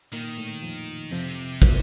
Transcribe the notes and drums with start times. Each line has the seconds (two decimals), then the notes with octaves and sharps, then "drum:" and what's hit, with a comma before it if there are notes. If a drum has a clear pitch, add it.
0.13 A#2 D#3 A#3
0.38 A2 A3
0.62 F2 F3
1.12 F2 C3 F3
1.62 F#3, drum: kick